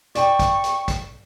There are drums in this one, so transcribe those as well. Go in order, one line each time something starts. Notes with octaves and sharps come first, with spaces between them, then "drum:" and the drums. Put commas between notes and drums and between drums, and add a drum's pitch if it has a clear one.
D5 G5 C#6, drum: hi-hat
drum: kick, hi-hat
drum: hi-hat
drum: kick, hi-hat